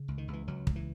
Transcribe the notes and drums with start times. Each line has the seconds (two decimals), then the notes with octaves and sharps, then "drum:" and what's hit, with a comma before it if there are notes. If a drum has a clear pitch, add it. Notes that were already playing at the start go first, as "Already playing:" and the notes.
Already playing: C#3
0.08 C#2
0.18 D#3
0.28 C#2
0.33 E3
0.48 C#2 F#3
0.67 C#2, drum: kick
0.76 E3